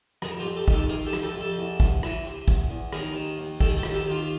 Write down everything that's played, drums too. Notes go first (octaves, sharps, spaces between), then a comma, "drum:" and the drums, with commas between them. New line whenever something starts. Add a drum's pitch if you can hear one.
F2 G#4 A#4, drum: rim click
F4 G4
F2
G4 A4
D#3, drum: kick
G4 A4
C3 G#4 A#4
G4 A4
F2, drum: rim click
G4 A4
F2
G4 A4
E2
E2, drum: kick
E3, drum: rim click
C3
E2, drum: kick
E2
D#2 G#4 A#4, drum: rim click
D#3
D#2
D#3 G4 A4, drum: kick
G#4
G4 A4
D#2, drum: rim click
G4 A4
D#3
F4 G4